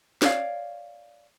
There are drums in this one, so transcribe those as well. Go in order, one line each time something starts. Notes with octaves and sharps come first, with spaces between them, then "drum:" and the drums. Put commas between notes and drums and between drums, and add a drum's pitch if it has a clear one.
C#5 D5 F5, drum: snare